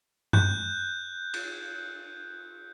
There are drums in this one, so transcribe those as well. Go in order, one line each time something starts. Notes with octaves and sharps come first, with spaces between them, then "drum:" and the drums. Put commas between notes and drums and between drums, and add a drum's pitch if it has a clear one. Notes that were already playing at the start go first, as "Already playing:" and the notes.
F#6 G6, drum: tom F#2
drum: cymbal